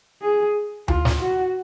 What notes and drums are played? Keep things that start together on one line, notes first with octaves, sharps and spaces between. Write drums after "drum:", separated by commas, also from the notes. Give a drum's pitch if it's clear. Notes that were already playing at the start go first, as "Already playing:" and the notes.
G#4
F4, drum: tom D2
drum: snare
F#4